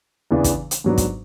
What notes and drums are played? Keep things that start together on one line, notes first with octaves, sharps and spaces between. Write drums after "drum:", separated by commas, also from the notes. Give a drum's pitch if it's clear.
E2 C#3 E3 B3 D4
drum: kick, hi-hat
drum: hi-hat
G#2 F#3 B3 D4
drum: kick, hi-hat